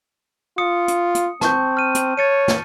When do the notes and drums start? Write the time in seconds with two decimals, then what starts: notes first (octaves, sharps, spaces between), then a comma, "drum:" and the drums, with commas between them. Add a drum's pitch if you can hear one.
0.58 F4 D#6 C#7
0.88 drum: hi-hat
1.15 drum: hi-hat
1.41 C4 A5 C#6 G6, drum: snare
1.77 F6 D#7
1.95 drum: hi-hat
2.17 C#5 A6 C#7 D#7
2.48 drum: snare